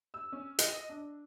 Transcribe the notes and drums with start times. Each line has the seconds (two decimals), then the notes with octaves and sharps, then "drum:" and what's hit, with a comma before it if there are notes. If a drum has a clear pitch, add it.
0.14 E6
0.32 C#4
0.59 D#5, drum: hi-hat
0.89 D4